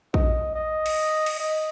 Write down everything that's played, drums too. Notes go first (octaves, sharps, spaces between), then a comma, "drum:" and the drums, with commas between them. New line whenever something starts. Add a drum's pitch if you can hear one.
D#5, drum: kick
D#5
drum: cymbal
drum: cymbal
D#5